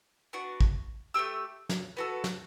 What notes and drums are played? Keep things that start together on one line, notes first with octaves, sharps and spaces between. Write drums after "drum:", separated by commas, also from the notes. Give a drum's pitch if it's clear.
B3 D4 F#4
drum: kick
A3 C4 G4 E6
drum: snare
B3 F#4 A4
drum: snare